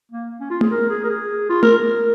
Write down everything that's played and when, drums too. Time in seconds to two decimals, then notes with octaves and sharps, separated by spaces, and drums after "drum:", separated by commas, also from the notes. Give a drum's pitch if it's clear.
0.12 A#3
0.40 C#4
0.50 F4
0.61 G#4, drum: tom A3
0.71 A#4
0.89 G#4
1.04 A#4
1.10 G#4
1.49 F4
1.63 A#4, drum: tom A3
1.76 A#4